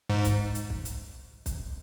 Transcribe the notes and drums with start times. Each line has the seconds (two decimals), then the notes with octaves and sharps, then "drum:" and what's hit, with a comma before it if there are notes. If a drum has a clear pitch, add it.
0.09 G#2
0.24 drum: kick, hi-hat
0.55 drum: hi-hat
0.70 drum: kick
0.85 drum: hi-hat
1.46 drum: kick, hi-hat